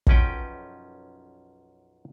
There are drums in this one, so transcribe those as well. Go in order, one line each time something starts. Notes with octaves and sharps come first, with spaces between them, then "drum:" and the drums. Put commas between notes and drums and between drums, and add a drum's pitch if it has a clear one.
B1 F#2 F3 C#4 B4 G5, drum: kick